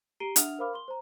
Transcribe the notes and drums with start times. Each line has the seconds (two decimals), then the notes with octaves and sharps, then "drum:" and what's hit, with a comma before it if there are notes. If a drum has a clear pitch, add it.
0.20 G4 A#5 C7 D7 D#7 G7
0.36 D4 E5 F#5 D#6 F6 F7, drum: hi-hat
0.59 A#4 C5 F5 B5 D6 F6
0.73 C6 G7
0.88 C5 A#5